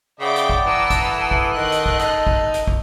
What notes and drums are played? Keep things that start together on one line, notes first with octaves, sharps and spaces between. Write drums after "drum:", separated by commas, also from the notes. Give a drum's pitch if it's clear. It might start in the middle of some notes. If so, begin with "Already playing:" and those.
C#3 B4 D5 E5 F#5 G5 D6 D#6
drum: hi-hat
drum: kick
E3 A5 A#5 E6
drum: kick, hi-hat
A4
drum: kick
D#3 D#5 C6 F#6
drum: hi-hat
drum: kick
D#4, drum: hi-hat
drum: kick
drum: hi-hat
drum: kick